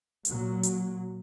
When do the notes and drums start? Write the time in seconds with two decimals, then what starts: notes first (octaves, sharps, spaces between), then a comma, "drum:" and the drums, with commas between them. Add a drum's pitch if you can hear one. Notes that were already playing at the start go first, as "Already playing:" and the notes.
0.25 A#2 F#3, drum: hi-hat
0.63 drum: hi-hat